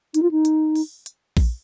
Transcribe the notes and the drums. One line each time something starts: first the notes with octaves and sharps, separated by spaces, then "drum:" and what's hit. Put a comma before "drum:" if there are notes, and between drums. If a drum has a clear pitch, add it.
D#4, drum: hi-hat
F4
D#4
drum: hi-hat
drum: open hi-hat
drum: hi-hat
drum: kick A#1, open hi-hat